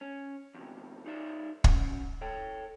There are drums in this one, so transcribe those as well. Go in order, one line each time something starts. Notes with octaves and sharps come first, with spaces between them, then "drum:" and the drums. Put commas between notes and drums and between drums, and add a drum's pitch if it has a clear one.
C#4
E2 C3
D#4 G#4 D5 E5
C#4 F#5, drum: kick
A4 C#5 G5